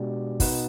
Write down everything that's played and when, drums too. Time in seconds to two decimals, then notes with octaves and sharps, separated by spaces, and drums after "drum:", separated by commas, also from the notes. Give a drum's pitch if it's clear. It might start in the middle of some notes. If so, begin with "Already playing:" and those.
Already playing: B2 G#3 D4 G4 D5
0.40 B2 B3 D#4 B4, drum: kick, open hi-hat